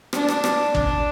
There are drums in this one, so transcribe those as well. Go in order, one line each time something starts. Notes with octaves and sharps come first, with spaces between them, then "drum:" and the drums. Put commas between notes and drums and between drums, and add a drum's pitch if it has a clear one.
D4, drum: rim click
drum: rim click
drum: rim click
D4, drum: kick